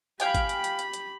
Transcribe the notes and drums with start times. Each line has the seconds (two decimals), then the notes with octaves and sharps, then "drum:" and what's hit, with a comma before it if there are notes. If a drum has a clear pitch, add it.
0.20 G4 F5 G5 G#5 B5, drum: hi-hat
0.34 drum: kick, hi-hat
0.49 drum: hi-hat
0.64 drum: hi-hat
0.79 drum: hi-hat
0.93 drum: hi-hat